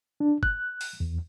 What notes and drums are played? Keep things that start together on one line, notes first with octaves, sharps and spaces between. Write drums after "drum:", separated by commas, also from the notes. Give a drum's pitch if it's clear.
D4
F#6, drum: kick G1
drum: open hi-hat
E2